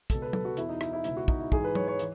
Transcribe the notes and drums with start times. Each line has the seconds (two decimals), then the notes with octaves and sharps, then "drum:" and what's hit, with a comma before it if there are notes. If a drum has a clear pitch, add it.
0.10 C#2 B2 A4, drum: kick, hi-hat
0.22 B4
0.33 A4, drum: tom
0.45 F#4
0.57 E2 B2 E4, drum: hi-hat
0.69 D#4
0.81 E4, drum: rim click
0.93 E4
1.04 C#2 B2 E4, drum: hi-hat
1.17 F#4
1.28 D#4, drum: kick
1.40 E4
1.52 G#2 E3 G#4, drum: kick
1.64 B4
1.75 C#5, drum: tom
1.88 C#5
1.99 E3, drum: hi-hat